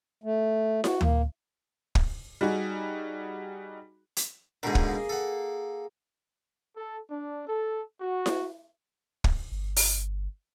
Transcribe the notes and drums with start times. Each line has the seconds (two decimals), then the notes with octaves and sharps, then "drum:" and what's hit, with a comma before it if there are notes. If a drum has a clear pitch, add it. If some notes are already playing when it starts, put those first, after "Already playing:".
0.24 A3
0.84 F#4, drum: snare E4
1.01 A#3, drum: tom D2
1.95 drum: kick
2.41 G3 D#4 F#4 G#4
4.16 drum: hi-hat
4.63 G#2 B2 D3 A#3 G#4
4.75 drum: kick
5.09 A4 F#5
6.77 A4
7.10 D4
7.48 A4
8.01 F#4
8.26 drum: snare E4
9.24 drum: kick
9.52 G1
9.76 drum: open hi-hat